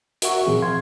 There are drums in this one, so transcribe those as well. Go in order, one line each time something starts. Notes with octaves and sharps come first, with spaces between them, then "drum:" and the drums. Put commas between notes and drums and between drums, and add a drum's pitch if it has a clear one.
F#4 A#4 E5 F#5 C#6, drum: hi-hat
A#2 E3 F3 C4 G#4
F5 C6 G#6